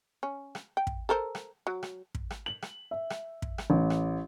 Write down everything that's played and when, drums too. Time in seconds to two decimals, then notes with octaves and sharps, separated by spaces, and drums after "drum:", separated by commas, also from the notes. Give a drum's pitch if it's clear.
0.23 C#4
0.55 drum: rim click
0.77 G5
0.87 drum: kick
1.09 A4 A#4 C5
1.35 drum: rim click
1.67 F#3
1.83 drum: rim click
2.15 drum: kick
2.30 drum: rim click
2.46 F#7
2.62 drum: rim click
2.91 E5
3.10 drum: rim click
3.42 drum: kick
3.58 drum: rim click
3.70 A1
3.90 drum: rim click